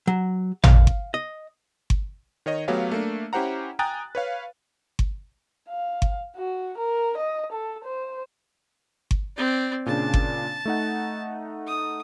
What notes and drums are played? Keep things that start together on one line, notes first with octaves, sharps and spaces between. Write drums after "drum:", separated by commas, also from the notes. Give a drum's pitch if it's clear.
F#3
F5, drum: tom
drum: kick G1
D#5
drum: kick G1
D#3 C#5 D#5
F#3 A3 B3 G4 C#5 F5
A3 A#3 D4
C#4 E4 G4 C5 F#5 A#5
G5 G#5 A#5 D#6 F#6 A6
B4 C#5 F5
drum: kick G1
F5
drum: kick G1
F#4
A#4
D#5
A4
C5
drum: kick G1
C4 D5
A#2 C#3 D4 A5
drum: kick G1
A3 D#4 F#5
D#6